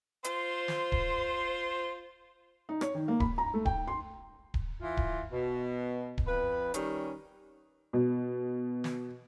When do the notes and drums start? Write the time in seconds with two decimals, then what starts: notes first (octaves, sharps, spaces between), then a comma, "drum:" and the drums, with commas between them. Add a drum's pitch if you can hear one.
0.24 F4 C5, drum: hi-hat
0.68 drum: snare
0.92 drum: kick D1
2.69 D#4
2.81 C#5, drum: rim click
2.95 D#3
3.08 A#3
3.20 B5, drum: kick D1
3.38 A#5
3.54 A3
3.65 G5, drum: kick D1
3.87 C6
4.54 drum: kick D1
4.81 E3 F4
4.97 drum: kick D1
5.32 B2
6.18 drum: kick D1
6.27 F2 B4
6.74 D#3 G3 C#4, drum: hi-hat
7.93 B2
8.84 drum: snare